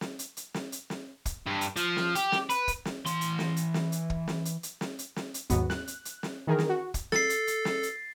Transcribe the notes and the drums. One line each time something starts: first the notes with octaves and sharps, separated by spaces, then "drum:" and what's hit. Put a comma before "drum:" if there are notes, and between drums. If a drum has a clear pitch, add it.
drum: snare
drum: hi-hat
drum: hi-hat
drum: snare
drum: hi-hat
drum: snare
drum: kick, hi-hat
G2
drum: hi-hat
F3, drum: hi-hat
drum: snare
G4, drum: hi-hat
drum: snare
B4, drum: hi-hat
drum: kick, hi-hat
drum: snare
E3 C6, drum: hi-hat
drum: hi-hat
drum: snare
drum: hi-hat
drum: snare
drum: hi-hat
drum: kick
drum: snare
drum: hi-hat
drum: hi-hat
drum: snare
drum: hi-hat
drum: snare
drum: hi-hat
D#2 G#2 F#3 B3, drum: kick, hi-hat
F#6, drum: snare
drum: hi-hat
drum: hi-hat
drum: snare
D#3 E3 G#4 A#4
drum: snare
F#4
drum: kick, hi-hat
A4 A6 C7, drum: snare
drum: hi-hat
drum: hi-hat
drum: snare
drum: hi-hat